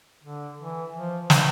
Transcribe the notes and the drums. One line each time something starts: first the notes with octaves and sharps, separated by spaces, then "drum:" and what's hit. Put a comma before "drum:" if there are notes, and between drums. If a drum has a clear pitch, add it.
D3
E3
F3
E3, drum: snare